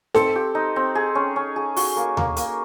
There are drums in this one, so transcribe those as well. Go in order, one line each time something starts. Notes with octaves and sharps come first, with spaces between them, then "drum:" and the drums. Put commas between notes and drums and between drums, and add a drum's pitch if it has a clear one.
C4 A4, drum: snare D#4
G4
D#4
C4
G#4
C#4
C#4
G#4
F#4, drum: open hi-hat
A#3
A#3, drum: tom D#2
A#3, drum: hi-hat